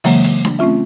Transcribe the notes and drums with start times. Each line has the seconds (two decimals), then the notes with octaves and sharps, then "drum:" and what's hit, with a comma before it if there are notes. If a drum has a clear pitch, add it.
0.04 C#3 E3 F#3 G#3 A#3, drum: open hi-hat
0.24 drum: hi-hat
0.45 drum: snare D4
0.59 A3 C4 C#4 F4 E5